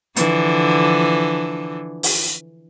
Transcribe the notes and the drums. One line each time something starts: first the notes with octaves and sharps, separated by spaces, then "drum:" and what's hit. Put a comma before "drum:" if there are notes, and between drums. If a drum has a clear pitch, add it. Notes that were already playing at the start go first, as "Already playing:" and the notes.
D3 E3 F3, drum: hi-hat
drum: open hi-hat